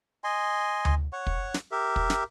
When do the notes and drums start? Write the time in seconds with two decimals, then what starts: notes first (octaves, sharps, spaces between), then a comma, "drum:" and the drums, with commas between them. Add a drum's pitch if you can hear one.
0.24 D#5 G#5 C6
0.85 drum: tom D2
1.13 C#5 F#5 C#6
1.27 drum: kick
1.54 drum: snare
1.71 G4 A#4 E5
1.96 drum: kick
2.10 drum: snare